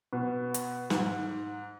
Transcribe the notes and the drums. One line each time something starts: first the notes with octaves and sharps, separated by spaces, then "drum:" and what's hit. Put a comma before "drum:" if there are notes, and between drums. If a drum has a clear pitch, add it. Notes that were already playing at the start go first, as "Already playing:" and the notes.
B2
drum: hi-hat
G#2, drum: snare